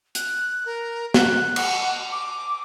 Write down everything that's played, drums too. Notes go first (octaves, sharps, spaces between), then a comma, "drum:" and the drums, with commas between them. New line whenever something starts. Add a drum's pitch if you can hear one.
F#6, drum: hi-hat
A#4
F#6, drum: snare
F#5, drum: cymbal
D6